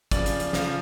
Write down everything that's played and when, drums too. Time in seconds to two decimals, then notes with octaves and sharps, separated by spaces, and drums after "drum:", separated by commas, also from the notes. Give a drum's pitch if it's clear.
0.11 C#3 F3 D5, drum: kick, hi-hat
0.26 drum: hi-hat
0.40 drum: hi-hat
0.53 C#3 F3 F5, drum: snare